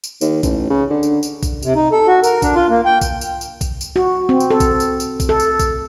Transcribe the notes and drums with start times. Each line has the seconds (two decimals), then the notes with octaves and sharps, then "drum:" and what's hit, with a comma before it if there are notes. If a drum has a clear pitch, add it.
0.04 drum: tambourine
0.21 D#2, drum: tambourine
0.43 A1, drum: kick A#1, tambourine
0.70 C#3
0.90 D3
1.03 drum: tambourine
1.23 drum: tambourine
1.43 drum: kick A#1, tambourine
1.62 C3, drum: tambourine
1.76 D#4
1.92 A4
2.07 F#4
2.24 A#4, drum: tambourine
2.42 D4, drum: kick A#1, tambourine
2.55 F4
2.69 A#3
2.86 G5
3.01 drum: kick A#1, tambourine
3.21 drum: tambourine
3.41 drum: tambourine
3.61 drum: kick A#1, tambourine
3.81 drum: tambourine
3.96 F#4
4.29 C4
4.40 drum: tambourine
4.51 A4
4.60 drum: kick A#1, tambourine
4.80 drum: tambourine
5.00 drum: tambourine
5.20 drum: kick A#1, tambourine
5.29 A4
5.40 drum: tambourine
5.59 drum: kick A#1, tambourine